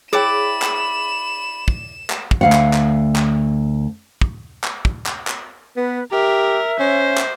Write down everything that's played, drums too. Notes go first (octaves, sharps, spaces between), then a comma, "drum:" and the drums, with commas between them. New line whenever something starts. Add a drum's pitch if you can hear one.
E4 G#4 C#5 D5 G5 B5 D6 E7
drum: clap
drum: kick
drum: clap
drum: kick
D2 F5 F#5
drum: clap
drum: clap
drum: clap
drum: kick
drum: clap
drum: kick
drum: clap
drum: clap
B3 B4
G4 A#4 E5
C#4 C5
drum: clap